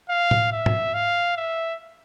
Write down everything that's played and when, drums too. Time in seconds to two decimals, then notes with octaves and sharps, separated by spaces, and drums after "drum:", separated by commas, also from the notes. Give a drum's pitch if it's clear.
0.09 F5
0.31 drum: tom A2
0.52 E5
0.66 drum: tom G#2
0.94 F5
1.37 E5